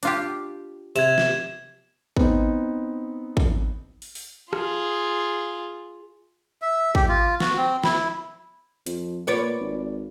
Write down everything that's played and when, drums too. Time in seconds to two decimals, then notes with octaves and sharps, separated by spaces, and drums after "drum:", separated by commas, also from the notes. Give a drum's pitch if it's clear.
0.03 D4 F4 G4, drum: hi-hat
0.96 C3 G#6 E7, drum: hi-hat
1.18 drum: snare
2.17 B3 C4 D#4, drum: kick
3.37 drum: kick
4.02 drum: open hi-hat
4.15 drum: open hi-hat
4.53 F4 G#4, drum: rim click
6.62 E5
6.95 G4, drum: kick
7.09 F4
7.40 F#4, drum: snare
7.57 C4
7.84 E4, drum: snare
8.86 F2, drum: hi-hat
9.27 A#2 B4 C#5 D5
9.61 G#1